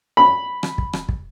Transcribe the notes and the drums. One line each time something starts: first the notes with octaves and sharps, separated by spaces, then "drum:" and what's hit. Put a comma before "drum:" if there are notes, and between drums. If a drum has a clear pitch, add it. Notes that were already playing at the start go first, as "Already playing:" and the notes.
B5
drum: rim click
drum: kick
drum: rim click
drum: kick